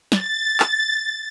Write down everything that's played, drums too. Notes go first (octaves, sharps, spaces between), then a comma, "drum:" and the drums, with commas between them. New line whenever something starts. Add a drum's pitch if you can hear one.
A6, drum: snare
drum: clap